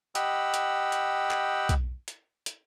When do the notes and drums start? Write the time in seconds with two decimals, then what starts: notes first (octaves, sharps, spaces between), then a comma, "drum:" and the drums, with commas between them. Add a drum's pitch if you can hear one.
0.15 G4 D#5 F#5 G5 B5 E6, drum: hi-hat
0.54 drum: hi-hat
0.92 drum: hi-hat
1.31 drum: clap
1.69 drum: kick, hi-hat
2.08 drum: hi-hat
2.46 drum: hi-hat